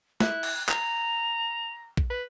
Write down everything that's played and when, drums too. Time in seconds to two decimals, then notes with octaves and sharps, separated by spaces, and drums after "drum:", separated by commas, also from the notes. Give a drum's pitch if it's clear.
0.20 E4 F#6, drum: snare
0.43 drum: cymbal
0.69 A#5 F7, drum: clap
1.97 drum: kick A#1
2.10 B4